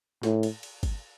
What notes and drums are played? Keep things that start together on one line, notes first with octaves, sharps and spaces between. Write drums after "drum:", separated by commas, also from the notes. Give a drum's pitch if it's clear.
A2, drum: snare
drum: cymbal
drum: cymbal
drum: kick, cymbal